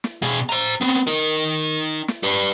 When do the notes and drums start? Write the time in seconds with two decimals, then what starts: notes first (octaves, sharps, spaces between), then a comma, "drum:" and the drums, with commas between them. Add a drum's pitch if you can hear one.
0.04 drum: snare
0.22 B2 G#4
0.49 C5 A#5, drum: open hi-hat
0.81 B3 C4
1.07 D#4 A#4
2.08 drum: snare
2.23 G4 B4